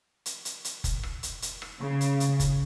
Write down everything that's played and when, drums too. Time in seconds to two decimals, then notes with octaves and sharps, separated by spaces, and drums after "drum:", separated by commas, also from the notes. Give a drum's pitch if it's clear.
0.26 drum: hi-hat
0.45 drum: hi-hat
0.64 drum: hi-hat
0.84 drum: kick F1, hi-hat
1.03 drum: rim click
1.23 drum: hi-hat
1.42 drum: hi-hat
1.62 drum: rim click
1.81 C#3
2.01 drum: hi-hat
2.20 drum: hi-hat
2.40 drum: kick F1, hi-hat